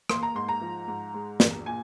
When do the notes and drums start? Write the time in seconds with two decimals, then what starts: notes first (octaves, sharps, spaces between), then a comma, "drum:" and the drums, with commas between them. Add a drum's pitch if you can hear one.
0.10 A#3 C6, drum: rim click
0.23 A#5
0.35 G#2 C6
0.48 A#5
0.61 F3
0.88 G#2
1.14 G#3
1.40 A#1, drum: snare
1.66 A#2 G#5